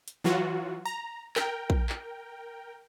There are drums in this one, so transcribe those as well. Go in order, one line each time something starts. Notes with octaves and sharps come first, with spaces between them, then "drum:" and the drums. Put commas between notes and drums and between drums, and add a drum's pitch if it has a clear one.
drum: hi-hat
E3 F#3 F4 F#4
A#5
A#4 G5, drum: clap
drum: kick A#1
drum: clap